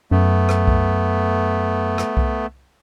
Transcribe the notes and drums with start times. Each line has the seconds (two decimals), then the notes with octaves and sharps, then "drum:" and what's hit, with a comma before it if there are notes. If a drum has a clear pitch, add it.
0.11 F#2 A3 B3
0.49 drum: rim click
0.68 drum: kick C2
1.98 drum: rim click
2.17 drum: kick C2